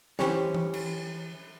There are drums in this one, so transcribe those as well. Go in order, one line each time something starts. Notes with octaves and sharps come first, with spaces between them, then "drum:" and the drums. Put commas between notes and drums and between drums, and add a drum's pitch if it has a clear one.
E3 C#4 G4 C5, drum: snare
drum: tom E3
drum: cymbal